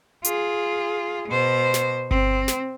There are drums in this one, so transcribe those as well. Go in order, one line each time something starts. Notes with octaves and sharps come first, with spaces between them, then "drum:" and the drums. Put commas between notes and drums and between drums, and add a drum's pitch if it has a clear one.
F4 G#4, drum: hi-hat
B2 C5
drum: snare
C4, drum: kick G1
drum: snare